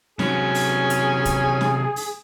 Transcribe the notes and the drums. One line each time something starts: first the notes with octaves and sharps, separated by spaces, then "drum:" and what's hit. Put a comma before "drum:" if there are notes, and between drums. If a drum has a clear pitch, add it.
C3 F#3 C#4 G#4, drum: snare
drum: open hi-hat
drum: hi-hat
drum: kick, hi-hat
drum: snare
drum: open hi-hat